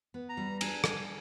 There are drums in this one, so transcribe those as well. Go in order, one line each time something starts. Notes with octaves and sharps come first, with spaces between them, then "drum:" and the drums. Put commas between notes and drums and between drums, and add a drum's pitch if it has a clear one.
B3
A#5
G3
D4 G#5, drum: cymbal
G3, drum: rim click